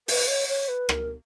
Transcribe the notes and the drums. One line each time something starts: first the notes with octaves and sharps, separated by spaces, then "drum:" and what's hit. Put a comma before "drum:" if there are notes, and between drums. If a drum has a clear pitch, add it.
B4, drum: open hi-hat
C#5
C#5
B4
A#4, drum: rim click